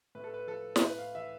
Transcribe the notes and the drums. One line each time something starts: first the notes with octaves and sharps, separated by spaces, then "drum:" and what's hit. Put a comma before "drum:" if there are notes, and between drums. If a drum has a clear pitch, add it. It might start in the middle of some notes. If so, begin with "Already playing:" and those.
A2 B4
A4
B4
F3 A4
C5, drum: snare
A2 B4
F5
E3 E5